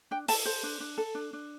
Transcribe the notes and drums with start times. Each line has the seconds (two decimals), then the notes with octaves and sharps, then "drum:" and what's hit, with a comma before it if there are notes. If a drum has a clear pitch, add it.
0.11 D4 G5
0.28 A4 A5, drum: open hi-hat
0.45 A4 C5
0.63 D4
0.80 D4
0.98 A4
1.15 D4
1.33 D4